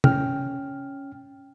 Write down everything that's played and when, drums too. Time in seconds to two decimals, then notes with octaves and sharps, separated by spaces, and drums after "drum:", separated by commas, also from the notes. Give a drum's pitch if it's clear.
0.04 C#4 G5 F6, drum: tom